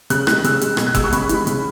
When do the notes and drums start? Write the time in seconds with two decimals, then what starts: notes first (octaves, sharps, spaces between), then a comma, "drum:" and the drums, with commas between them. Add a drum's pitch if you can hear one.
0.10 C#3 F#6, drum: hi-hat
0.27 E3 G#3 F#6, drum: rim click
0.44 C#3 E6, drum: hi-hat
0.61 G#3, drum: hi-hat
0.77 B2 G#6, drum: rim click
0.87 F#6
0.95 G#3 E6, drum: kick F1, hi-hat
1.04 C#6
1.13 C#3 B5, drum: hi-hat
1.29 E3 G#3, drum: hi-hat
1.47 C#3, drum: hi-hat